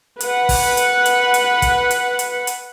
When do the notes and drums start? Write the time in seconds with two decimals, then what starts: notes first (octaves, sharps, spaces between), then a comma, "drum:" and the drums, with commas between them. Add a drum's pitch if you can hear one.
0.20 B4 F#5, drum: hi-hat
0.49 drum: kick, open hi-hat
0.77 drum: hi-hat
1.05 drum: hi-hat
1.34 drum: hi-hat
1.62 drum: kick, hi-hat
1.91 drum: hi-hat
2.19 drum: hi-hat
2.47 drum: hi-hat